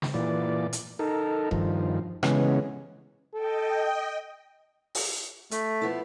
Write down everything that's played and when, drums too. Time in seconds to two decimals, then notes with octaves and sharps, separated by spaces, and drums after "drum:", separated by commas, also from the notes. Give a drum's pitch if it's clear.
0.02 drum: snare
0.14 A#2 E3 D5
0.73 drum: hi-hat
0.99 D#4 A4 A#4
1.51 G2 D#3 F3, drum: kick E1
2.23 C#3 E3 G#3 B3 C#4, drum: rim click
3.34 A4 D#5 G5
4.95 drum: open hi-hat
5.51 A3, drum: hi-hat
5.82 F3 B3 E4